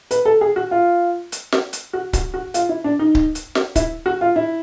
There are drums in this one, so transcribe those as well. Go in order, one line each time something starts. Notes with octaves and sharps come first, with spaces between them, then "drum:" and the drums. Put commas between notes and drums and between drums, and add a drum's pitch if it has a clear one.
B4, drum: hi-hat
A4
G#4
F#4
F4
drum: hi-hat
drum: snare
drum: hi-hat
F#4
F#4, drum: kick C#1, hi-hat
F#4
F4, drum: hi-hat
E4
D4
D#4
drum: kick C#1
drum: hi-hat
drum: snare
E4, drum: kick C#1, hi-hat
F#4
F4
E4